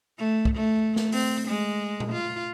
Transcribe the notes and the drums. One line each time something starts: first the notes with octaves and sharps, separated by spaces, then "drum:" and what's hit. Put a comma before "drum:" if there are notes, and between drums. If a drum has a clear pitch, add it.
A3
drum: kick
A3
drum: snare
C4, drum: open hi-hat
G#3
drum: tom A#2
F4